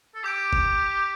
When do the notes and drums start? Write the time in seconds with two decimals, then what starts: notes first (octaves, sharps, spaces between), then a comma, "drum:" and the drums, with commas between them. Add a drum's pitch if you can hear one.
0.15 A4
0.23 G4 D6 G6 D7
0.53 drum: kick G1